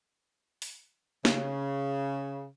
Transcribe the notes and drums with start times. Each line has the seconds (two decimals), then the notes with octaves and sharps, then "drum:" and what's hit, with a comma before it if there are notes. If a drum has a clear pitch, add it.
0.62 drum: open hi-hat
1.25 C#3, drum: snare